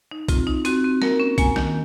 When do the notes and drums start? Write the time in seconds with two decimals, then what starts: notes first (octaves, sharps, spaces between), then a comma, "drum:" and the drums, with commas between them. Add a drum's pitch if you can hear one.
0.11 D#4
0.28 C4 F4, drum: kick B1, hi-hat
0.47 D#4
0.65 C4 F#4, drum: hi-hat
0.84 C4
1.02 A#3 A#4, drum: snare
1.20 C#4
1.38 A#3 G#5, drum: kick B1, hi-hat
1.56 D#3, drum: snare